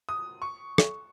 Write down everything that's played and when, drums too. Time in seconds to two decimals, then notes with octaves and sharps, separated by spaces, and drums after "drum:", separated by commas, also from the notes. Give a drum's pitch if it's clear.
0.09 D#6
0.42 C#6
0.78 drum: rim click